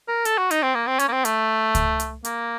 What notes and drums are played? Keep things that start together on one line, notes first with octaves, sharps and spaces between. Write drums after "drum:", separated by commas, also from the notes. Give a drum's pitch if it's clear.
A#4
A4, drum: hi-hat
F#4
D#4, drum: hi-hat
C4
A#3
C4
C#4, drum: hi-hat
A#3
C4
A3, drum: hi-hat
drum: kick C#2, hi-hat
drum: hi-hat
A#3, drum: hi-hat